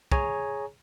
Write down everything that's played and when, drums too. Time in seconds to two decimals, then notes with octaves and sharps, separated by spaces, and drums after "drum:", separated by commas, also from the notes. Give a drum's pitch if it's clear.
0.12 G#4 C#5 G#5 A#5, drum: kick